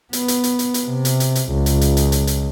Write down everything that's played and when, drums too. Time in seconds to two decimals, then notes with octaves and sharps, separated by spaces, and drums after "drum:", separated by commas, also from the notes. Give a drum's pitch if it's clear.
0.13 B3, drum: hi-hat
0.28 drum: hi-hat
0.44 drum: hi-hat
0.59 drum: hi-hat
0.74 drum: hi-hat
0.86 C3
1.05 drum: hi-hat
1.20 drum: hi-hat
1.35 drum: hi-hat
1.51 C#2
1.66 drum: hi-hat
1.81 drum: hi-hat
1.97 drum: hi-hat
2.12 drum: hi-hat
2.27 drum: hi-hat